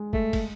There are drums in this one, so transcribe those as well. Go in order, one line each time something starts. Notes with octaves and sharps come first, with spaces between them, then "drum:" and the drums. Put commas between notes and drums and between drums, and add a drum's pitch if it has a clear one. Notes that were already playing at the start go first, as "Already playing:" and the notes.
Already playing: G#3
A3, drum: kick
drum: kick, cymbal